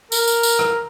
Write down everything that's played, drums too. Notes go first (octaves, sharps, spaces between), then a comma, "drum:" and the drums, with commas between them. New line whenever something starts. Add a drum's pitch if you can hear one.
A#4, drum: tambourine
drum: tambourine
drum: tambourine
drum: rim click